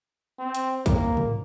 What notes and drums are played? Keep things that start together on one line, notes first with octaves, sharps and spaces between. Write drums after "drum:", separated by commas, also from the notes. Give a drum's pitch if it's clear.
C4
drum: hi-hat
A#3, drum: kick, hi-hat
drum: tom